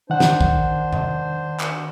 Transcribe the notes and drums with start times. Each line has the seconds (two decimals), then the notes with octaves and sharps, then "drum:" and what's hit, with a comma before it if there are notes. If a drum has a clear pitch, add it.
0.10 D#3 D4 C5 F#5
0.20 drum: snare
0.41 drum: kick A#1
0.93 drum: tom E2
1.60 drum: clap